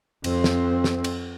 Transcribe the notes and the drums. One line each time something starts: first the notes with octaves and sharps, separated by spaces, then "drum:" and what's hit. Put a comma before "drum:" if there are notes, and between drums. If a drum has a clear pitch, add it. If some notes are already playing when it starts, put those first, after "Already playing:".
F2 C4, drum: cymbal
drum: snare
drum: snare
drum: cymbal